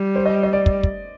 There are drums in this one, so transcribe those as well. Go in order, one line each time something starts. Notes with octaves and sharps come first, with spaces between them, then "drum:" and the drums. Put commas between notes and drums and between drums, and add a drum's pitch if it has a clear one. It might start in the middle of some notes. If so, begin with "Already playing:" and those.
Already playing: G3
C5
D#5
D#5
D5
drum: kick
drum: kick